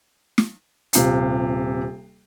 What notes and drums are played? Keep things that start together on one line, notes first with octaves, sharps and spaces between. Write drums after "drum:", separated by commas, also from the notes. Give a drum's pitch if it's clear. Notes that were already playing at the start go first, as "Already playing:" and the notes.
drum: snare
D#1 C3 F4 C7, drum: hi-hat